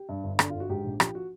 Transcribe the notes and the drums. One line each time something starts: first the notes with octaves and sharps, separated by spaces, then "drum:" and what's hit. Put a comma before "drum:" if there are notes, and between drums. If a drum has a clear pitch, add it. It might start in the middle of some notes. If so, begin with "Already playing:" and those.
Already playing: G4
G2
G1
D3, drum: rim click
G1 F4
F#4
G#2 G4
A#1
F3 G4, drum: rim click
F#4